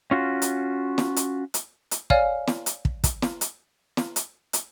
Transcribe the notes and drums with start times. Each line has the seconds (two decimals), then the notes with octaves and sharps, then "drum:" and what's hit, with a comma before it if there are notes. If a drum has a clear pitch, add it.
0.11 C#4 F4 F#4
0.42 drum: hi-hat
0.98 drum: snare
1.16 drum: hi-hat
1.54 drum: hi-hat
1.91 drum: hi-hat
2.10 C#5 D5 F5 G#5 F6, drum: kick
2.47 drum: snare
2.66 drum: hi-hat
2.85 drum: kick
3.04 drum: kick, hi-hat
3.22 drum: snare
3.41 drum: hi-hat
3.97 drum: snare
4.16 drum: hi-hat
4.53 drum: hi-hat